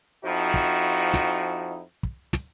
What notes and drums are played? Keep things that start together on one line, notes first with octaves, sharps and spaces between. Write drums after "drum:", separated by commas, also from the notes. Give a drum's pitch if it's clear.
F2 F3 D#4 E4 F#4
drum: kick
drum: snare
drum: kick
drum: snare